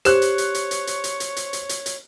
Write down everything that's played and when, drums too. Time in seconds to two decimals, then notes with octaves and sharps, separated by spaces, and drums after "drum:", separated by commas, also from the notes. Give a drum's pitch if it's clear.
0.05 G4 C5 C#5 F#6, drum: hi-hat
0.22 drum: hi-hat
0.38 drum: hi-hat
0.54 drum: hi-hat
0.71 drum: hi-hat
0.87 drum: hi-hat
1.04 drum: hi-hat
1.20 drum: hi-hat
1.37 drum: hi-hat
1.53 drum: hi-hat
1.69 drum: hi-hat
1.86 drum: hi-hat